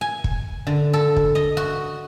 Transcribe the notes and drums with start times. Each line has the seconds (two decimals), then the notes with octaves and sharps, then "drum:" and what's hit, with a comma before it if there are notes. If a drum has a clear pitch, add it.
0.01 G#5
0.24 drum: kick
0.67 D3
0.93 A4
1.16 drum: kick
1.35 D#5
1.57 F#4